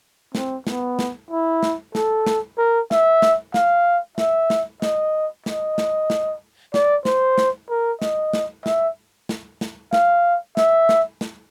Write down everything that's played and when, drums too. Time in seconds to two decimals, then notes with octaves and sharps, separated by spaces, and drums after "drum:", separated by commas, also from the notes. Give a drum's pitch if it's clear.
0.35 C4, drum: snare
0.67 B3, drum: snare
0.99 drum: snare
1.31 E4
1.63 drum: snare
1.95 A4, drum: snare
2.27 drum: snare
2.58 A#4
2.91 E5, drum: snare
3.22 drum: snare
3.54 F5, drum: snare
4.18 E5, drum: snare
4.50 drum: snare
4.82 D#5, drum: snare
5.46 D#5, drum: snare
5.78 drum: snare
6.10 drum: snare
6.74 D5, drum: snare
7.05 C5, drum: snare
7.38 drum: snare
7.70 A#4
8.02 D#5, drum: snare
8.33 drum: snare
8.66 E5, drum: snare
9.29 drum: snare
9.61 drum: snare
9.93 F5, drum: snare
10.57 E5, drum: snare
10.89 drum: snare
11.21 drum: snare